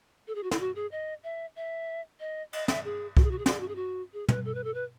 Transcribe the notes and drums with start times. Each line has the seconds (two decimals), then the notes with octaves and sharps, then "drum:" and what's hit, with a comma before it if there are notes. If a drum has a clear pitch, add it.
0.27 A4
0.35 G#4
0.43 F#4
0.51 E4, drum: snare
0.60 F#4
0.75 G#4
0.92 D#5
1.23 E5
1.56 E5
2.20 D#5
2.53 D#5, drum: cymbal
2.68 E5, drum: snare
2.85 G#4
3.17 F#4, drum: kick C2
3.24 G#4
3.31 F#4
3.38 G#4
3.46 F#4, drum: snare
3.53 G#4
3.60 F#4
3.68 G#4
3.75 F#4
4.13 G#4
4.29 B4, drum: tom
4.45 A4
4.54 B4
4.64 A4
4.74 B4